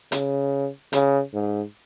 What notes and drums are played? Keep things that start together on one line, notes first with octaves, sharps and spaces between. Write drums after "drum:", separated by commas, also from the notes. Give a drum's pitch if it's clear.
C#3, drum: hi-hat
C#3, drum: hi-hat
G#2